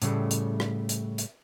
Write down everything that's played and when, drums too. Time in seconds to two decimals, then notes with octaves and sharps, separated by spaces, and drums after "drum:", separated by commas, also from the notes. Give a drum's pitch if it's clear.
0.02 A2 C#3 G3 A3, drum: hi-hat
0.31 drum: hi-hat
0.60 drum: rim click
0.89 drum: hi-hat
1.18 drum: hi-hat